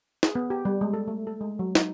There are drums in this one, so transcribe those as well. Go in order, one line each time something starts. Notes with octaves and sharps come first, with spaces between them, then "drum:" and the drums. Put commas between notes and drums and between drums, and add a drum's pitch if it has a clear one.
G#4, drum: snare
B3
G4
G3
G#3
A4
A3
A4
G#3
F#3
D#4, drum: snare